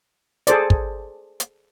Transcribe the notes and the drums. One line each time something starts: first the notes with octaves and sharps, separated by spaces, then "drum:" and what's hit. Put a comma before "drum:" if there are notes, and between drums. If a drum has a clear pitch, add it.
G#4 A4 C5 D5, drum: hi-hat
drum: kick
drum: hi-hat